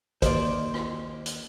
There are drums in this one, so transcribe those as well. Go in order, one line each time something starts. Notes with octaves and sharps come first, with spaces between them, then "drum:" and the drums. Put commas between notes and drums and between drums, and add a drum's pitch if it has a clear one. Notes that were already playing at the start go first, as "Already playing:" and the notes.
D#2 C5 D5, drum: kick, hi-hat
drum: rim click
drum: hi-hat